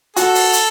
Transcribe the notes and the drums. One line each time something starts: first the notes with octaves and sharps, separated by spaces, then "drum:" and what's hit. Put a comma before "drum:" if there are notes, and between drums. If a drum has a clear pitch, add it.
F#4 A4, drum: hi-hat
drum: open hi-hat
drum: hi-hat